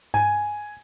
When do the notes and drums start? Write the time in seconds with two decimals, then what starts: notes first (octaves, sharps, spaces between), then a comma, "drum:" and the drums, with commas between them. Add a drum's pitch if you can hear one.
0.14 G#5, drum: tom G2